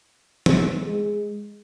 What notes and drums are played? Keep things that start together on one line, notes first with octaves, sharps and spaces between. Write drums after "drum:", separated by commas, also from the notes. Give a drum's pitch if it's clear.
drum: tom E3
G#3